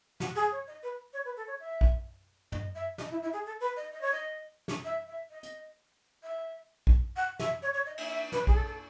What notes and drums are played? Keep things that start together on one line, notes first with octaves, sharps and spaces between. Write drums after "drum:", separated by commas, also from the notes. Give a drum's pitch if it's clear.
F#4, drum: snare
G#4
C#5
D#5
B4
C#5
B4
A4
C#5
E5
drum: kick
D#5, drum: tom
E5
D#5, drum: snare
E4
E4
G#4
A4
B4
D#5
D#5
C#5
D#5
drum: snare
E5
E5
D#5
drum: hi-hat
E5
drum: kick
F#5
E5, drum: snare
C#5
C#5
D#5
E5, drum: cymbal
E5
B4, drum: snare
G#4, drum: kick
A4
A4